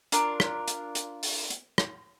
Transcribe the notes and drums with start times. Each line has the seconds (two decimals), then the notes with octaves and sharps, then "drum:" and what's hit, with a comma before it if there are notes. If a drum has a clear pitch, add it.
0.12 D4 F4 A#4, drum: hi-hat
0.40 drum: rim click
0.68 drum: hi-hat
0.95 drum: hi-hat
1.23 drum: open hi-hat
1.50 drum: hi-hat
1.78 drum: rim click